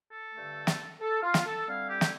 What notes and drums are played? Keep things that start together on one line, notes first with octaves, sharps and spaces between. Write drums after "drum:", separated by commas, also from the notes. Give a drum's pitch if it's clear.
A4
G2 D3 A3
drum: snare
A4
F4
drum: snare
A4
D3 G3 C4 E4 F5
G4
drum: snare